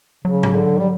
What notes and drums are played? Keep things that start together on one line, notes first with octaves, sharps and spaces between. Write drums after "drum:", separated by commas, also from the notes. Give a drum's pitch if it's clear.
C#3 F#3
drum: tom G#2
D3
G3